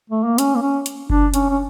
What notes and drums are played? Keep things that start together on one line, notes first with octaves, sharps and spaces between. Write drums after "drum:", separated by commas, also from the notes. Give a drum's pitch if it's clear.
A3
A#3
C#4, drum: hi-hat
A#3
C#4
drum: hi-hat
D4, drum: kick F#1
C#4, drum: hi-hat
C#4